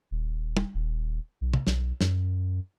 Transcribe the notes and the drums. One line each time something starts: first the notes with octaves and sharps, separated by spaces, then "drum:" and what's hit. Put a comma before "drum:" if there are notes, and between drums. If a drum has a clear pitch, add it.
D#1
drum: tom
D#1
B1
drum: tom
B1, drum: snare
F#2, drum: snare